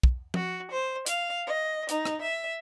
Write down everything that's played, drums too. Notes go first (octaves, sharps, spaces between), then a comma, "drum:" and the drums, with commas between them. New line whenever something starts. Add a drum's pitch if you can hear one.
drum: kick
F#4, drum: tom
C5
F5, drum: hi-hat
D#5
D#4, drum: hi-hat
drum: rim click
E5